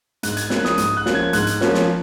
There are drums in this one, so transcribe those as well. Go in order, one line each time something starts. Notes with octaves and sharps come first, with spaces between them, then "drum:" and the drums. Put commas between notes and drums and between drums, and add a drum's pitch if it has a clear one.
G#2 F#6, drum: hi-hat
G#6, drum: hi-hat
F3 A#3 C#4 F#6, drum: snare
D#6, drum: snare
G#2 D#6, drum: hi-hat
F#6
F3 A#3 C#4, drum: snare
G#6
G#2 F#6, drum: hi-hat
drum: hi-hat
F3 A#3 C#4, drum: snare
drum: snare